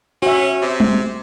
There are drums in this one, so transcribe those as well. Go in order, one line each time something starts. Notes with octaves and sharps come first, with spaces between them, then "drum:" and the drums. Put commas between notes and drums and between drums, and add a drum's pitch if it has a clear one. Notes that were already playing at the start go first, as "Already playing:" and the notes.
C#4 F#4 E5
C3
drum: tom G3